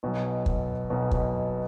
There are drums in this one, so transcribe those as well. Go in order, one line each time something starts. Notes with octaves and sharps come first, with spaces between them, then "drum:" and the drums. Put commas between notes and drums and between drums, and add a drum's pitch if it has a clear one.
B1 B2 F#3
drum: kick
B1 B2 F#3
drum: kick